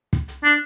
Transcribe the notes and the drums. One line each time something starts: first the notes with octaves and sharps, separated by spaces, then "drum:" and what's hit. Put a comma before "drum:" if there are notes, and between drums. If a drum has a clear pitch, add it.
drum: kick, hi-hat
drum: hi-hat
D4